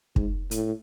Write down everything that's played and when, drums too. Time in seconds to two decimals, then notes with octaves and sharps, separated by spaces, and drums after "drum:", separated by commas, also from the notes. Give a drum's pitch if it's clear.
0.16 G#2, drum: kick
0.51 A2, drum: hi-hat